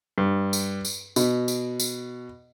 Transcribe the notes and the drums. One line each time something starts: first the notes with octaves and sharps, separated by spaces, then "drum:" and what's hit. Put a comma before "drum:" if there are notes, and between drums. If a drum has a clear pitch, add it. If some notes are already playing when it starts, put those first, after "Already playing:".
G2
drum: tambourine
drum: tambourine
B2, drum: tambourine
drum: tambourine
drum: tambourine